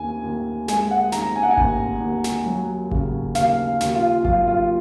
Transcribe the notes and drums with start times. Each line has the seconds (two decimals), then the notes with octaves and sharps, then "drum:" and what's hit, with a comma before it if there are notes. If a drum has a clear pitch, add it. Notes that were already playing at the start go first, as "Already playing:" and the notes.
Already playing: D#2 G#5
0.24 D#2
0.68 G#3 G#5, drum: snare
0.91 F#5
1.12 D#3 A#5, drum: snare
1.36 G#5
1.43 F#5
1.51 G#5
1.57 D#2, drum: kick G#1
2.01 D#2
2.24 drum: snare
2.46 F#3
2.91 C#3, drum: kick G#1
3.35 D#2 F5, drum: snare
3.81 D#2, drum: snare
3.95 F4
4.25 F#3 F4, drum: kick G#1
4.47 F4